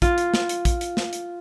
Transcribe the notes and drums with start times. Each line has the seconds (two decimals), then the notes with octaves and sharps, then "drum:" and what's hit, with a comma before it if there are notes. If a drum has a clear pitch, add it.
0.02 F4, drum: kick, hi-hat
0.18 drum: hi-hat
0.34 drum: snare
0.49 drum: hi-hat
0.65 drum: kick, hi-hat
0.81 drum: hi-hat
0.97 drum: snare
1.13 drum: hi-hat